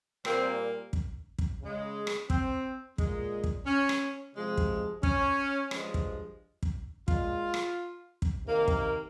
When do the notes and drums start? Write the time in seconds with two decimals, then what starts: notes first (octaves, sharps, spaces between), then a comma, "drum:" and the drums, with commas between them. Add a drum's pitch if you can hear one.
0.25 A#2 G3 A#3 C4, drum: rim click
0.93 drum: kick
1.39 drum: kick
1.61 C#3 G#3
2.07 drum: rim click
2.30 C4, drum: kick
2.98 A#2 G#3, drum: kick
3.44 drum: kick
3.66 C#4
3.89 drum: rim click
4.34 C3 F3 G#3
4.57 drum: kick
5.03 C#4, drum: kick
5.71 G2 F3 G#3, drum: rim click
5.94 drum: kick
6.63 drum: kick
7.08 A#2 G#3 F4, drum: kick
7.54 drum: rim click
8.22 drum: kick
8.45 C3 D#3 A#3
8.68 drum: kick